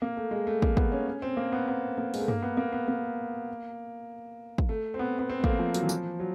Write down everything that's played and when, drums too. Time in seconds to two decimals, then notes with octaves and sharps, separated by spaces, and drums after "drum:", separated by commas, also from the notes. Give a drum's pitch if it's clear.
0.02 A#3
0.17 A3
0.31 G#3
0.47 A3
0.62 A#3, drum: kick
0.77 B3, drum: kick
0.92 C#4
1.08 C#4
1.22 C4
1.37 A#3
1.52 B3
1.68 B3
1.98 A#3
2.14 G#3, drum: open hi-hat
2.20 A3
2.28 A#3, drum: tom G2
2.42 B3
2.57 A#3
2.73 B3
2.88 A#3
4.58 drum: kick
4.69 A3
4.94 C4
4.99 B3
5.19 B3
5.30 C4
5.40 A3
5.44 A#3, drum: kick
5.59 F3
5.74 F#3, drum: hi-hat
5.83 E3
5.89 F3, drum: tambourine
6.20 F#3